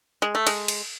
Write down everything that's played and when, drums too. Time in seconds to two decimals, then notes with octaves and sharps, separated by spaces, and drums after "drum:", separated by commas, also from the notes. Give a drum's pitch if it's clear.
0.22 G#3
0.35 A3
0.47 G#3, drum: cymbal
0.68 drum: cymbal